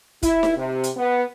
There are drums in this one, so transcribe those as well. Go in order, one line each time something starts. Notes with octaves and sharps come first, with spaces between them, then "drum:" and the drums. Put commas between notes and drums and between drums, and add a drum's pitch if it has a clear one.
E4, drum: kick, hi-hat
drum: snare D#4
C3
drum: hi-hat
B3